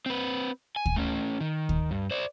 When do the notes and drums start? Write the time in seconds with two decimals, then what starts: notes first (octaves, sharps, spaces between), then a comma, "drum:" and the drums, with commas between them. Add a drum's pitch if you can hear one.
0.06 C4 B4
0.76 G#5
0.86 drum: kick
0.96 A3 C#4
1.41 D#3
1.69 drum: kick
1.91 G2
2.11 C5 D5